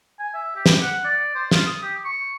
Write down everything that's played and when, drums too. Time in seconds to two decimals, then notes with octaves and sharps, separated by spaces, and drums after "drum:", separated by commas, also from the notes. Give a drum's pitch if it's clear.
0.19 G#5
0.34 E5
0.56 G4
0.66 drum: snare
0.81 F#5
1.04 D5
1.35 C5
1.51 F4, drum: snare
1.66 D#6
1.83 G4
2.05 C#6